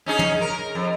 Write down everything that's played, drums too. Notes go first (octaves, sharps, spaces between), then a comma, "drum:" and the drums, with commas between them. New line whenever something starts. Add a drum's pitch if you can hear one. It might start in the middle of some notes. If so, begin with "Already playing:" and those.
C#4 D#4 G#4
drum: tom
A#4
F2